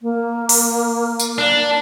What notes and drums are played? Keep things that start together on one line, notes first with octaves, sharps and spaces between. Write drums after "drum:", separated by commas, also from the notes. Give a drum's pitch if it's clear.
A#3
drum: open hi-hat
drum: tambourine
D4